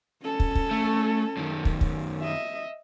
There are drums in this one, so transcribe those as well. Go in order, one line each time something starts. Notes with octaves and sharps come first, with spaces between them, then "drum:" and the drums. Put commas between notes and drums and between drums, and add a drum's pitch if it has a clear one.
C#4 A4
drum: kick
drum: kick
A3
F#2 D#3
drum: kick
drum: kick
D#5 E5